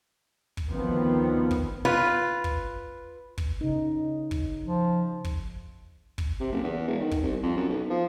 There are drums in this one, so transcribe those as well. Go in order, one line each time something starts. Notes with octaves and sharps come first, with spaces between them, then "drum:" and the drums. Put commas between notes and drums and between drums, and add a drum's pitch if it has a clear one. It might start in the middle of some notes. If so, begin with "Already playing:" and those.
drum: kick
D2 D#3 F3 B3 C4
drum: kick
F4 B4
drum: kick
drum: kick
C#3 D#4
drum: kick
F3
drum: kick
drum: kick
C3
F#1
E2
E1
D#3
drum: kick
C2
F2
F#2
B1
F3